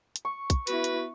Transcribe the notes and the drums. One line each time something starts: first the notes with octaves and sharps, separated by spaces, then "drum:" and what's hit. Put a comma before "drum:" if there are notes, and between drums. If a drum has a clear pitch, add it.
drum: hi-hat
C#6
drum: kick, hi-hat
B3 E4 F#4 B4, drum: hi-hat
drum: hi-hat